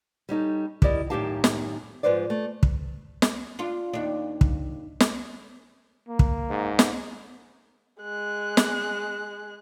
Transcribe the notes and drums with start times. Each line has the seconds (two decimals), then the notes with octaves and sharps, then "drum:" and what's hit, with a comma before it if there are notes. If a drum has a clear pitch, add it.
0.29 G3 C#4 D#4 A4
0.82 E4 G4 A#4 D5 D#5, drum: kick
1.10 F#2 A2 D#3 G4 F5 A5
1.44 drum: snare
2.03 G#2 B2 F3 B4 C5 D5
2.30 A3
2.63 drum: kick
3.22 drum: snare
3.59 D4 F4
3.94 D#2 D4
4.41 drum: kick
5.00 drum: snare
6.09 A#3
6.19 drum: kick
6.50 G#2
6.79 drum: snare
8.02 G#3 F#6
8.57 drum: snare